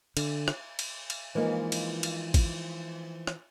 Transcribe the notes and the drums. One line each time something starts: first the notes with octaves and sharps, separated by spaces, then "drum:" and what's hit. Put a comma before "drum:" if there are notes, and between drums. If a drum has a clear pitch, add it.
D3, drum: cymbal
drum: rim click
drum: cymbal
drum: cymbal
E3 F3 G#3 A#3 D#4
drum: cymbal
drum: cymbal
drum: kick, cymbal
drum: rim click